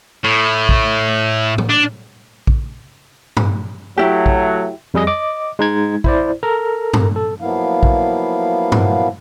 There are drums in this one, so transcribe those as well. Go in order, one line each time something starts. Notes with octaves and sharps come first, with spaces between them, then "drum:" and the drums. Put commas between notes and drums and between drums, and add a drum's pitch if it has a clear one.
A2
drum: kick A#1
drum: tom
D4
drum: kick A#1
drum: tom G2
F#3 A3 E4 G4
drum: kick A#1
F2 G3 G#4 D#5 A#6
D#5 D6
G#3 D#4 G#6
E4 C5 D5, drum: kick A#1
A4 A#4 A#5
drum: tom G2
A4
F3 F#3 A#3 B3 E4 F5
drum: kick A#1
drum: tom G2